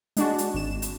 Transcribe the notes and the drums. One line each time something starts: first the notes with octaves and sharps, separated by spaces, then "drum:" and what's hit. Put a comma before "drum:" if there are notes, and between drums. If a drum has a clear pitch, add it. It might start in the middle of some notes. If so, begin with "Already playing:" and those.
G#3 D4 F#4, drum: hi-hat
drum: hi-hat
G#1 E7
drum: hi-hat